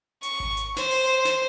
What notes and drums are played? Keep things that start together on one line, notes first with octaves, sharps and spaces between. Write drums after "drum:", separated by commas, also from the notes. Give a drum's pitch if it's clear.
C#6, drum: hi-hat
drum: kick G#1
drum: hi-hat
C5, drum: snare
drum: open hi-hat
drum: snare